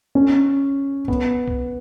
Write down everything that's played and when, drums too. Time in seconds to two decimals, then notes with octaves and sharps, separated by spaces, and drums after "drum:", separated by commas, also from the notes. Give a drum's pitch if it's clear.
0.15 C#4
1.08 B3, drum: kick B1
1.48 drum: kick B1